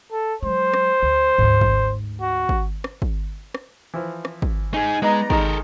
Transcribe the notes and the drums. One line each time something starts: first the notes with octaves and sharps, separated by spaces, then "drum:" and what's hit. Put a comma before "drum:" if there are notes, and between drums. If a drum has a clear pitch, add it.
A4
F#3 G#3 C5
drum: rim click
D2
D2 G#2
drum: kick
F#4
drum: kick
drum: rim click
drum: kick
drum: rim click
E3 F3
drum: rim click
drum: kick
D#4 G#4 G#5
G#3 B3 D#4 D5 D#5 A#5
D#3 G#3 D#4 A4 A#4, drum: kick